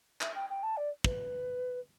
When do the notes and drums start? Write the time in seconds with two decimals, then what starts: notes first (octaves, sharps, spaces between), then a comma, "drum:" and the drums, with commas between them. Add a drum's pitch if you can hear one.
0.21 E5, drum: clap
0.35 G5
0.49 G5
0.63 A5
0.77 D5
1.04 B4, drum: kick